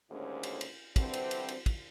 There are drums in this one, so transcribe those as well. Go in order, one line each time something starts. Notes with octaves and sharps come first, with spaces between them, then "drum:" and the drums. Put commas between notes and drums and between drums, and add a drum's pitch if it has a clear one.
D#2 A2 D3 G#3 C#4 C5
drum: cymbal
drum: cymbal
D3 E3 G3 C4, drum: kick, cymbal
drum: cymbal
drum: cymbal
drum: cymbal
drum: kick, cymbal